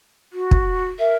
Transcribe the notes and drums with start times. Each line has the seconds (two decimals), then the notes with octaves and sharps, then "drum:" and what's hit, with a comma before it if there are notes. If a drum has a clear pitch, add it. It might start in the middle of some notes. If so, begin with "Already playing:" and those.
0.33 F#4
0.51 drum: kick
0.99 A#4 E5